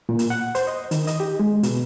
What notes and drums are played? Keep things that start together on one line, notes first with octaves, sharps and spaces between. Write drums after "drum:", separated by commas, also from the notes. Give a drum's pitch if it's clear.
A#2
drum: hi-hat
F#5
C5, drum: hi-hat
D#5
D#3, drum: hi-hat
D#5, drum: hi-hat
G4
G#3
B2, drum: hi-hat